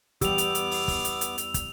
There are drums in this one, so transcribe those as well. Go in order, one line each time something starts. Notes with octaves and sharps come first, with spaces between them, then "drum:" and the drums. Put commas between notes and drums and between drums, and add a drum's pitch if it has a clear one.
E2 G3 B3 G4 D6 E6 F7, drum: kick, hi-hat
drum: hi-hat
drum: hi-hat
drum: open hi-hat
drum: kick, open hi-hat
drum: hi-hat
drum: hi-hat
drum: hi-hat
drum: kick, hi-hat